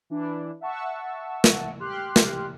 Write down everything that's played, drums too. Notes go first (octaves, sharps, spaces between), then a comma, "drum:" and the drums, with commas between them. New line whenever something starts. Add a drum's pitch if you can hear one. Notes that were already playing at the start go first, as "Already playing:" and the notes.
E3 D4 E4
E5 F#5 A5 C#6 E6
drum: snare
G4 C6 F6 F#6
drum: snare